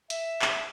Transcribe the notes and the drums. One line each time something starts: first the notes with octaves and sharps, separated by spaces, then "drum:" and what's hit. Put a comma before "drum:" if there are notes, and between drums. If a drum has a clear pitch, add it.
E5, drum: hi-hat
drum: clap